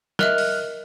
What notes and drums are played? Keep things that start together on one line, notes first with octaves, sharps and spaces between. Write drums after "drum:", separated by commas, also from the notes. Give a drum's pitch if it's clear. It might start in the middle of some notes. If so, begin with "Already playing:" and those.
A#4 D#5 E5 F6 F#6, drum: snare
drum: open hi-hat